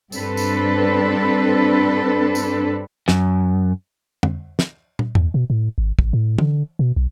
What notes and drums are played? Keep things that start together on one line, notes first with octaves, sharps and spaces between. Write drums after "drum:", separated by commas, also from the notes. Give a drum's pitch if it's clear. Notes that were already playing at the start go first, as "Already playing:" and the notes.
G2 C4 D4 A4 B4, drum: tambourine
drum: tambourine
drum: tambourine
F#2, drum: snare
drum: tom F2
drum: snare
drum: tom
E2, drum: tom G2
B2
A2
G#1
A1, drum: kick
A2
D3, drum: tom
B2
B1